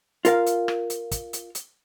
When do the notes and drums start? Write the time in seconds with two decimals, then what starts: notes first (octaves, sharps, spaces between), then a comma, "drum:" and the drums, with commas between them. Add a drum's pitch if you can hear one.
0.25 F4 A#4 F5, drum: hi-hat
0.46 drum: hi-hat
0.68 drum: rim click
0.90 drum: hi-hat
1.11 drum: kick, hi-hat
1.33 drum: hi-hat
1.55 drum: hi-hat